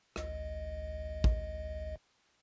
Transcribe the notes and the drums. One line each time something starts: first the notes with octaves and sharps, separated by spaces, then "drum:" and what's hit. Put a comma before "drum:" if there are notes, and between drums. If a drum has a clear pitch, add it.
A1 D2 D#5, drum: rim click
drum: kick